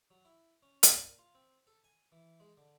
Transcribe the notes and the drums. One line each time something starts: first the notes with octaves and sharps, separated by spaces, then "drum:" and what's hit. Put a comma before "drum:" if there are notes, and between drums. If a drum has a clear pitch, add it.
F#3
E4
C#4
drum: hi-hat
A#2
F4
C4
A4
G#5
E3
G#3
D3